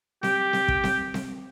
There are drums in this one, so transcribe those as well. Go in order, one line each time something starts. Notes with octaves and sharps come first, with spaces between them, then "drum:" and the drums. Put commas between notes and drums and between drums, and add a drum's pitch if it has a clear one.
G4, drum: snare C4
drum: snare C4
drum: kick
drum: snare C4
drum: snare C4